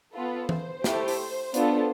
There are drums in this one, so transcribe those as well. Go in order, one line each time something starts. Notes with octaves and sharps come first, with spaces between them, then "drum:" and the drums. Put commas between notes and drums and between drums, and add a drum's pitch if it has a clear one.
B3 F4 A4 B4
C5, drum: tom E3
A3 E4 G4, drum: snare
drum: open hi-hat
B3 D4 F4 A4, drum: hi-hat